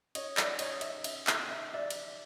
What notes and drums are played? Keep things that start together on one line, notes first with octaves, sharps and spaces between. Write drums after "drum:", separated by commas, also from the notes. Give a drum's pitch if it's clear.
C#5 D#5, drum: cymbal
D5 E5, drum: clap
C#5 D#5, drum: cymbal
E5, drum: cymbal
E5, drum: cymbal
E5, drum: clap
E5
D5 E5
drum: cymbal